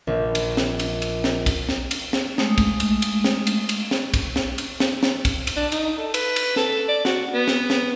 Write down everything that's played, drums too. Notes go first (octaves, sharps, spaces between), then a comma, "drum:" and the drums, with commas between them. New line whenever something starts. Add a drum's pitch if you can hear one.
A#1
drum: cymbal
drum: snare
drum: cymbal
drum: cymbal
drum: snare
drum: kick, cymbal
drum: snare
drum: cymbal
drum: snare
G#3 A3 D#6, drum: snare
drum: kick, cymbal
drum: cymbal
drum: cymbal
drum: snare
drum: cymbal
drum: cymbal
drum: snare
drum: kick, cymbal
drum: snare
drum: cymbal
drum: snare
drum: snare
drum: kick, cymbal
drum: cymbal
D4
D#4, drum: cymbal
A4
B4, drum: cymbal
drum: cymbal
A4, drum: snare
D5
F#4, drum: snare
B3
drum: snare
drum: snare